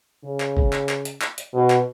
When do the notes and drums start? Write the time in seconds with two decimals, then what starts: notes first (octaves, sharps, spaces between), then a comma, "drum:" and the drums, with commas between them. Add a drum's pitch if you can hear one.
0.25 C#3
0.40 drum: clap
0.57 drum: kick
0.73 drum: clap
0.89 drum: clap
1.05 drum: hi-hat
1.22 drum: clap
1.38 drum: hi-hat
1.54 B2
1.70 drum: clap